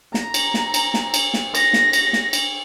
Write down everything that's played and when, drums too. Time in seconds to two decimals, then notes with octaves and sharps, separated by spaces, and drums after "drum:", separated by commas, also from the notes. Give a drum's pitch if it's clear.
0.14 A#5, drum: snare
0.34 drum: cymbal
0.54 drum: snare
0.74 drum: cymbal
0.94 drum: snare
1.14 drum: cymbal
1.34 drum: snare
1.55 A#6, drum: cymbal
1.73 drum: snare
1.93 drum: cymbal
2.13 drum: snare
2.33 drum: cymbal